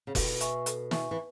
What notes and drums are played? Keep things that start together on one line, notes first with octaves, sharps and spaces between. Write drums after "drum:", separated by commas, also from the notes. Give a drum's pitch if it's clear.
C#3
B2 A4, drum: kick F1, open hi-hat
E5 G#5 C#6, drum: hi-hat
A4, drum: hi-hat
E5 G#5 C#6, drum: snare
E3